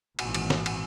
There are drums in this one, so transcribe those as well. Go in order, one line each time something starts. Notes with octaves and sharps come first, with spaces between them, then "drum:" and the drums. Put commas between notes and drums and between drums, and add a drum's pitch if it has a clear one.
G#1 A#2 E3, drum: cymbal
drum: cymbal
drum: snare
drum: cymbal